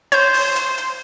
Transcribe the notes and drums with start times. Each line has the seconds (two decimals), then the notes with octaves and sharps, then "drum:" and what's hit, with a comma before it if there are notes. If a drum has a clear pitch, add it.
0.12 C5 C#5 G6, drum: hi-hat
0.34 drum: open hi-hat
0.56 drum: hi-hat
0.78 drum: hi-hat